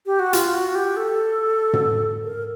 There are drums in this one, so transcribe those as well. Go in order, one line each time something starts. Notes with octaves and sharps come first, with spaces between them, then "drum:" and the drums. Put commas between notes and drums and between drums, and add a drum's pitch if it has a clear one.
G4
F#4
F4, drum: hi-hat
F#4
G4
A4
drum: tom
A#4